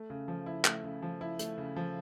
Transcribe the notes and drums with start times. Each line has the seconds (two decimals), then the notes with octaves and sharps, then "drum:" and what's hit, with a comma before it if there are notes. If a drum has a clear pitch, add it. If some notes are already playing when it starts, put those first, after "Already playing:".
Already playing: A3
0.10 C#3
0.28 F3
0.46 E4
0.65 A3, drum: clap
0.84 C#3
1.02 F3
1.21 E4
1.39 A3, drum: hi-hat
1.58 C#3
1.76 F3